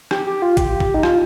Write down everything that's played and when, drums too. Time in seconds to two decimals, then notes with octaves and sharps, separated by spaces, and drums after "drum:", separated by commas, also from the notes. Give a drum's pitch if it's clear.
0.11 G4, drum: rim click
0.27 G4
0.42 F4
0.57 G4, drum: kick, hi-hat
0.80 drum: kick
0.94 D#4
1.03 F4, drum: rim click